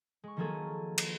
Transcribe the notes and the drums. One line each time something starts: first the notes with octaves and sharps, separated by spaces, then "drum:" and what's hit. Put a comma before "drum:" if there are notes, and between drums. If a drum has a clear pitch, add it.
G#3 C#6
D#3 F3 F#3 A#3 G#4 A4
drum: cymbal